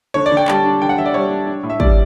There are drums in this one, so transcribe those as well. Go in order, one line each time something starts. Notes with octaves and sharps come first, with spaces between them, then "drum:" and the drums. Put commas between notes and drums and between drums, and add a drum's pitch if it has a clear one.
D3 C#5
D5
D3
G5
G3 A5, drum: clap
D4
D3 G5
F#5
D3 E5
D5
G3 C#5
D4
D4
A2
E5
G3 D5, drum: kick